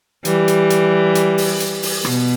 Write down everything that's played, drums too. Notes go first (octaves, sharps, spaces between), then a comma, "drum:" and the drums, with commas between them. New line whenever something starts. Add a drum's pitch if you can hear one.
E3 G3, drum: hi-hat
drum: hi-hat
drum: hi-hat
drum: hi-hat
drum: open hi-hat
drum: hi-hat
drum: open hi-hat
B2, drum: rim click